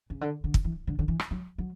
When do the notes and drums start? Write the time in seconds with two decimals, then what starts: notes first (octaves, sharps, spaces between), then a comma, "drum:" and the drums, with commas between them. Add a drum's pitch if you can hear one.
0.10 C#3
0.21 D3
0.44 D3
0.54 drum: kick
0.64 E3
0.87 D3
0.99 D3
1.08 E3
1.19 drum: rim click
1.31 F#3
1.58 F#3